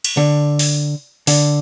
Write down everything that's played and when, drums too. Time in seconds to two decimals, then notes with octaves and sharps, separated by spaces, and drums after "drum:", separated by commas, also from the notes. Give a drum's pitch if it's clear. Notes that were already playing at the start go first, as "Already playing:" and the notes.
0.05 drum: cymbal
0.17 D3
0.59 drum: open hi-hat
1.27 D3, drum: open hi-hat